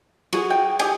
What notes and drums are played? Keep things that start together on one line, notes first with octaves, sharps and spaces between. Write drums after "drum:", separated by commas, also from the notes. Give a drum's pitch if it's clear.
F#4 G#4, drum: cymbal
G5
G4 D#5 G#5, drum: cymbal